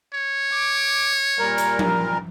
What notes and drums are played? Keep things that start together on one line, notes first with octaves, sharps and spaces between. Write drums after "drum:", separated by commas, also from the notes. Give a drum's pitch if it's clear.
C#5
D6
A#2 G3 A#4
drum: hi-hat
drum: tom F3